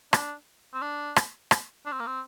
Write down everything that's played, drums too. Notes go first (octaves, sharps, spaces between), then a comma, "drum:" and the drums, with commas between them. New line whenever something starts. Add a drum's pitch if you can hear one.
D4, drum: rim click
C4
D4
drum: rim click
drum: rim click
D4
C4
A#3
C4